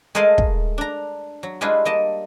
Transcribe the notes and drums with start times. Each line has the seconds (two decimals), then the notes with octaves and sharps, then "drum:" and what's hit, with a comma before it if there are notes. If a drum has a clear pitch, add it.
0.15 G#3 A3 G#4 A#4 D#5 F5
0.38 drum: kick
0.78 D4 A#5
1.43 F#3
1.61 G3 G#3 D4 E4 F4 B4
1.85 A#3 D#5 A5